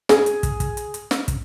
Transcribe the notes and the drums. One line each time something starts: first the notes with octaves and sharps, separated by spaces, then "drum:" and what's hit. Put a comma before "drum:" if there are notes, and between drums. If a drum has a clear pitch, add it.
G#4, drum: snare
drum: hi-hat
drum: kick, hi-hat
drum: kick, hi-hat
drum: hi-hat
drum: hi-hat
drum: snare
drum: kick, hi-hat